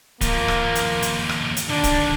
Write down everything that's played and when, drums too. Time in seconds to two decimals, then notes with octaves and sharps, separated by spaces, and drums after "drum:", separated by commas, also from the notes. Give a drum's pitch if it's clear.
0.21 D#2 F3 A#3, drum: kick D1, hi-hat
0.48 drum: rim click
0.75 drum: hi-hat
1.02 drum: hi-hat
1.29 drum: rim click
1.57 drum: hi-hat
1.70 D3 D#3 D4
1.84 drum: kick D1, hi-hat